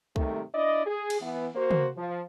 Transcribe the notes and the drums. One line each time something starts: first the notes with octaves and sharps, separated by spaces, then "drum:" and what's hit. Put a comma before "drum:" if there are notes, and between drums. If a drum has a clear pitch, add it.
G#2 C3 D#3 G3 A3, drum: kick C2
D4 E4 D5 D#5
G#4
drum: cymbal
E3 B3
A#3 F#4 C5
drum: tom
F3